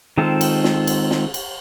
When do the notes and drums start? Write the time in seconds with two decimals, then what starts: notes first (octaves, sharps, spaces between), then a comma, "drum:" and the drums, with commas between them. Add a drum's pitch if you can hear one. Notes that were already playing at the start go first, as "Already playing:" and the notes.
0.17 D#3 G#3 C4 F4 A4
0.41 drum: cymbal
0.64 drum: snare
0.87 drum: cymbal
1.11 drum: snare
1.34 drum: cymbal